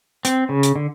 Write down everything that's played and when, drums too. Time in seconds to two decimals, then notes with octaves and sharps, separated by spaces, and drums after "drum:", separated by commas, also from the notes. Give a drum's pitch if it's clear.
0.25 C4, drum: hi-hat
0.49 C#3
0.63 drum: hi-hat
0.76 D3